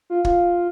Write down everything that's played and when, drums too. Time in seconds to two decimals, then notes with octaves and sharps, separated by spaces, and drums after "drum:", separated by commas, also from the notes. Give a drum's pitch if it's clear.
0.10 F4
0.25 F4, drum: kick